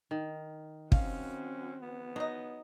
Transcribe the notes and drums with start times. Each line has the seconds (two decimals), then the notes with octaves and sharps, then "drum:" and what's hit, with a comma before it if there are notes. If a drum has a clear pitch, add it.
0.11 D#3
0.92 C4 C#4 F#4 F5, drum: kick
1.83 B3
2.16 F#3 D#4 D#5